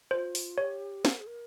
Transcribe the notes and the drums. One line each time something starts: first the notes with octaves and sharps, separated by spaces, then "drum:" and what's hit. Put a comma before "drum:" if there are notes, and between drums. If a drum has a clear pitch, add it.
F4 C5
drum: open hi-hat
G4 C#5
C5, drum: snare
A#4
G#4
A#4